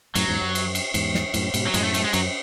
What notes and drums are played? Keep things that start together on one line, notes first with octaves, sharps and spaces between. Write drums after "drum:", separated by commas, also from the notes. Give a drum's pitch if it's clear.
F#2 A2 F#3, drum: cymbal
E2 G#2
F#2
drum: cymbal
drum: cymbal
E2 G#2, drum: cymbal
drum: snare
F#2 A2, drum: cymbal
G#2 B2, drum: cymbal
F#3
F#2 A2 G#3, drum: cymbal
A3
A3, drum: cymbal
G#3
F#2 F#3, drum: cymbal